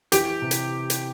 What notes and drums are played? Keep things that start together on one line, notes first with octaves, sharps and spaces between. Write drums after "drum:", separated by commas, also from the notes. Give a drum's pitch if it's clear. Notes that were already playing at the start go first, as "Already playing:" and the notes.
E3 G4, drum: hi-hat
C3
drum: hi-hat
drum: hi-hat